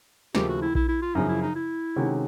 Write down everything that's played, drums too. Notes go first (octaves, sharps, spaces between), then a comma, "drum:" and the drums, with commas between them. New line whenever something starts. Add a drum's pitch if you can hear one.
D#2 C#3 F3 A3 G4, drum: snare
F#4
E4
E4, drum: kick A#1
E4
F4
F#2 C#3 F3 D#4
E4
D#4
E4
C3 D#3 G#3 C#4 F#4